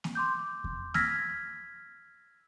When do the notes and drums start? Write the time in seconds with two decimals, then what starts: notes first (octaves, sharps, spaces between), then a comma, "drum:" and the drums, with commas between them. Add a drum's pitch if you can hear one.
0.04 drum: snare A#3
0.15 C6 D6 G6
0.64 drum: kick E2
0.94 E6 F6 G#6 A#6 B6, drum: snare A#3